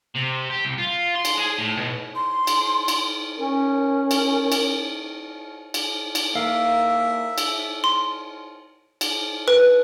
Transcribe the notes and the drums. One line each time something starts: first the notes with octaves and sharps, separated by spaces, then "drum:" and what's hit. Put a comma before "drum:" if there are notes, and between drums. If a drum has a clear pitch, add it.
C3
G4
C2
F4
C6
drum: cymbal
G#4
A2
B2
C6
drum: cymbal
drum: cymbal
C#4 A#4
drum: cymbal
drum: cymbal
drum: cymbal
drum: cymbal
A#3 E5 F5
drum: cymbal
C6
drum: cymbal
B4